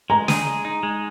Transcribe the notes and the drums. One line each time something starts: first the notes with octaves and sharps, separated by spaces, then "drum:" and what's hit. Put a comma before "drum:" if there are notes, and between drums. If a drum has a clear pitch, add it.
G#3 A#5
G#4, drum: snare
G#3
D#4
G#3